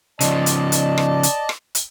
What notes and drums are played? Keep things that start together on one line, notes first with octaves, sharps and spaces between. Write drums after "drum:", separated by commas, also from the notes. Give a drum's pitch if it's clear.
C#3 F3 D5 D#5 A5, drum: hi-hat
drum: hi-hat
drum: hi-hat
drum: rim click
drum: hi-hat
drum: rim click
drum: hi-hat